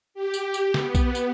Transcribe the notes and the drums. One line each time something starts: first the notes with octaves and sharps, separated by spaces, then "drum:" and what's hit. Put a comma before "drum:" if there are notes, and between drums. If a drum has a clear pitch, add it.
G4
drum: tambourine
drum: tambourine
B3, drum: snare
drum: kick B1, tambourine
drum: tambourine